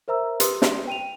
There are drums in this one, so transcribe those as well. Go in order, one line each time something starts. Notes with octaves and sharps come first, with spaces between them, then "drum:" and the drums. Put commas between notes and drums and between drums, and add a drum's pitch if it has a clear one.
A#4 C5 E5 A#5 E6
G4 B4 C6 D#6, drum: hi-hat
drum: snare
G5 D#7 F7